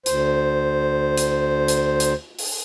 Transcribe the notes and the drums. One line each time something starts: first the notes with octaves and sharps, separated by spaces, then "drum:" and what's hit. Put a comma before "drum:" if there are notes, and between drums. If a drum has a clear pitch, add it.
D2 C5, drum: hi-hat
drum: hi-hat
drum: hi-hat
drum: hi-hat
drum: open hi-hat